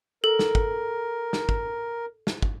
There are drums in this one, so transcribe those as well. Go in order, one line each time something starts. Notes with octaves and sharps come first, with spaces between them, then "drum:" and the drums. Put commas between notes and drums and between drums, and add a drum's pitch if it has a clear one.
A4 A#4
drum: snare
drum: kick
drum: snare
drum: kick
drum: snare
drum: kick